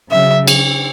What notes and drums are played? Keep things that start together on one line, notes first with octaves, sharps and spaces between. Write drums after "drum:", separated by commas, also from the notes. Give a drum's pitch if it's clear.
C#3 F#3 E5
drum: cymbal